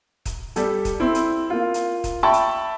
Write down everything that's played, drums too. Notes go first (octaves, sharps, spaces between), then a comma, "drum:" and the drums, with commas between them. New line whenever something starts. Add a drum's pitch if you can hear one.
drum: kick, hi-hat
G3 G4 A4, drum: hi-hat
drum: kick, hi-hat
C4 E4
drum: hi-hat
A#3 F4
drum: hi-hat
drum: kick, hi-hat
E5 G5 A5 B5 C#6
drum: hi-hat